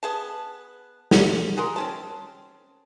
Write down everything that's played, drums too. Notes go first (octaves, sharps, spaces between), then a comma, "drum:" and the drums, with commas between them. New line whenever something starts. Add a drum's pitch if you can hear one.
B3 G#4 A5
drum: snare
F#4 G#4 A#4 C6
C4 C#4 A5